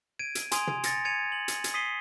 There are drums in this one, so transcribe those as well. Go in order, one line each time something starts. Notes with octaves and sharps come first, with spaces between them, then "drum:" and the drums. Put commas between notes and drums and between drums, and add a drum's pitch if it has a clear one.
G#6 D7 D#7
drum: hi-hat
G#5 C6 D#6 G#6 D7 F7, drum: hi-hat
drum: tom
A6 A#6 C#7, drum: hi-hat
G#6 C#7 D#7 F7
F#7
drum: hi-hat
drum: hi-hat
D#6 B6 C7 D#7 G7